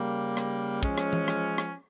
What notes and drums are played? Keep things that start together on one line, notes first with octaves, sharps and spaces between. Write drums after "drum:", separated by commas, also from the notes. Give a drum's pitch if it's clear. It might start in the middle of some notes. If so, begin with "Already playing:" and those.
Already playing: C#3 G3 A#3
drum: rim click
F3 G#3 C#4, drum: kick
drum: rim click
drum: tom E3
drum: rim click
drum: rim click